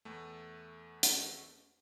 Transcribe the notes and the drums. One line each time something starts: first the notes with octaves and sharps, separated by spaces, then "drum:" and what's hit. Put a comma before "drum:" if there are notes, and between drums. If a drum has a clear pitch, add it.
E2 A3
drum: hi-hat